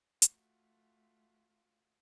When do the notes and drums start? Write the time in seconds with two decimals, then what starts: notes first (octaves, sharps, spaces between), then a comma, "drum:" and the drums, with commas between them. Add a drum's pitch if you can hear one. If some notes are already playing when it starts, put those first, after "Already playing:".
0.22 A3 F4 F#4, drum: hi-hat